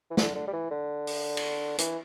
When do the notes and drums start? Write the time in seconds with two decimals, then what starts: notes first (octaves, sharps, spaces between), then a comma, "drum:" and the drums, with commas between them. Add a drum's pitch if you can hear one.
0.11 E3
0.17 D3, drum: snare
0.35 D3
0.48 G3
0.53 E3
0.71 D3
1.07 drum: open hi-hat
1.37 drum: cymbal
1.78 E3, drum: hi-hat